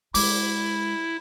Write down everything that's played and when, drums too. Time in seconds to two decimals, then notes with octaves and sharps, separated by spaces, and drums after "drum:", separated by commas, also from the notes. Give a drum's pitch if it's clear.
0.14 G#3 E4 D6, drum: open hi-hat